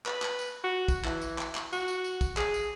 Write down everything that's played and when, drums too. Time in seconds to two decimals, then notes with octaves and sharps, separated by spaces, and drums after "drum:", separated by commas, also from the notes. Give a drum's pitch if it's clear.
0.06 B4, drum: clap
0.22 drum: clap
0.39 drum: tambourine
0.64 F#4
0.88 drum: kick, tambourine
1.05 E3, drum: clap
1.22 drum: tambourine
1.38 drum: clap
1.55 drum: clap
1.73 F#4, drum: tambourine
1.88 drum: tambourine
2.04 drum: tambourine
2.21 drum: kick, tambourine
2.37 G#4, drum: clap
2.54 drum: tambourine